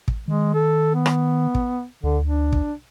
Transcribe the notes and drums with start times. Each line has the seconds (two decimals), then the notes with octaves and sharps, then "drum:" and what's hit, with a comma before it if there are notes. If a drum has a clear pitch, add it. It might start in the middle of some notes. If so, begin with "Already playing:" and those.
0.08 drum: kick
0.28 D#3 G#3
0.54 A4
0.95 B3
1.06 drum: rim click
1.55 drum: kick
2.04 D2 D3
2.26 D4
2.52 drum: kick